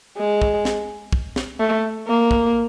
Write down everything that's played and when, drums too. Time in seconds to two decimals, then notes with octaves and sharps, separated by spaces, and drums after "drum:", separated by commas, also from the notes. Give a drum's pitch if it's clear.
0.18 G#3
0.42 drum: kick
0.65 drum: snare
1.13 drum: kick
1.36 drum: snare
1.60 A3
2.08 A#3
2.31 drum: kick